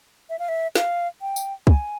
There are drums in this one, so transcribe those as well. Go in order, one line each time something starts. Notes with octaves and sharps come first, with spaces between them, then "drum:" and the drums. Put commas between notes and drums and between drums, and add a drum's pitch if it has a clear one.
E5
F5
E5
F5, drum: snare
G5
drum: tambourine
G#5, drum: kick